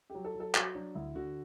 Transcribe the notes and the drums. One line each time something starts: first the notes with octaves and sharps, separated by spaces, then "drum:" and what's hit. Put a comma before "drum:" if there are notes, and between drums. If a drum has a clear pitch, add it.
F#3 G4
A4
F#3
A4
F#3 F#4, drum: clap
F#3 D4
D2 E4
D3 F#4